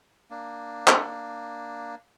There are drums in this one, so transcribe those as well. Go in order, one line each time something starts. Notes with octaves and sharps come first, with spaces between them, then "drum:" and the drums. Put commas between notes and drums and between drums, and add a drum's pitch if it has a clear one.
A#3 D4
drum: clap